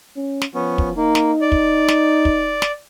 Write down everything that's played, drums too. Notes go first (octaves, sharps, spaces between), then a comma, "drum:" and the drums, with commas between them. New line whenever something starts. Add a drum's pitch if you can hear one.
C#4
drum: snare
F3 B3 C#4
drum: kick
A#3 D#4
drum: snare
D5
drum: kick
drum: snare
drum: kick
drum: snare